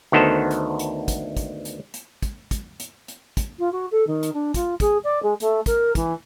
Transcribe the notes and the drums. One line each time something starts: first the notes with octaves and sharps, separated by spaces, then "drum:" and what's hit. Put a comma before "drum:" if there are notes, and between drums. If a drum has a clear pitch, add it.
D2 D#3 B3 A4 C5
drum: hi-hat
drum: hi-hat
drum: kick, hi-hat
drum: kick, hi-hat
drum: hi-hat
drum: hi-hat
drum: kick, hi-hat
drum: kick, hi-hat
drum: hi-hat
drum: hi-hat
drum: kick, hi-hat
F4
F#4
A4
D#3
drum: hi-hat
D4
F4, drum: kick, hi-hat
G#4, drum: kick, hi-hat
D5
G#3
A3, drum: hi-hat
A#4, drum: kick, hi-hat
E3, drum: kick, hi-hat